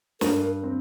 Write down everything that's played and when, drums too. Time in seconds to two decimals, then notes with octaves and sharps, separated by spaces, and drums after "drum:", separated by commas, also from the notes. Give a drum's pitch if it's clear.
0.21 G2 A#4, drum: snare
0.63 C4